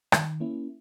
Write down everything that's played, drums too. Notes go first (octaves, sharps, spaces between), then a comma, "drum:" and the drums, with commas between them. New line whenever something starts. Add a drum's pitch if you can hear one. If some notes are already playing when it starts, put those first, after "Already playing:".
D#3, drum: rim click
A#3 C#4 E4